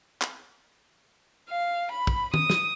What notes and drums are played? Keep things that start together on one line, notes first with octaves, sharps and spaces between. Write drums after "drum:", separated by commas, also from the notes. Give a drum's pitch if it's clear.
drum: clap
F5
B5
drum: kick
D#6, drum: tom D#3
drum: snare